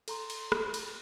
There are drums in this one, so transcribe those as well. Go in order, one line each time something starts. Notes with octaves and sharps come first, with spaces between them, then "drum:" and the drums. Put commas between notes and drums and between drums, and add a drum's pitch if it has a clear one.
A4 A#5 C6, drum: cymbal
drum: cymbal
drum: rim click
drum: cymbal